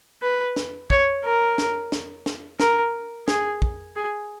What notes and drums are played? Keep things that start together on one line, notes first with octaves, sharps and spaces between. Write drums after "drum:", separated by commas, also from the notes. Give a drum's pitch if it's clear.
B4
drum: snare
C#5, drum: kick
A#4
drum: snare
drum: snare
drum: snare
A#4, drum: snare
G#4, drum: snare
drum: kick
G#4